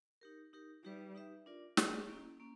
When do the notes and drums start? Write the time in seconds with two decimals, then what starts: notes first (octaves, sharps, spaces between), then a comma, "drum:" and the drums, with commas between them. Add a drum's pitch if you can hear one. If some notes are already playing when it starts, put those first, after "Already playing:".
0.21 D#4 G4 A#4
0.53 D#4 G4 A#4
0.84 G3 D#4 G4 B4 E5
1.15 D#4 G4 B4 E5
1.46 D4 F4 A#4 D5
1.77 G#3 D4 F4 A#4 D5, drum: snare
2.09 A#3 C#4 E4
2.40 A#3 C#4